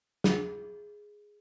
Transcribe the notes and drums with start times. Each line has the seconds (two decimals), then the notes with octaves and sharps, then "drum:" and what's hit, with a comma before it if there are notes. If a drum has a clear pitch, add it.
0.24 G#4, drum: snare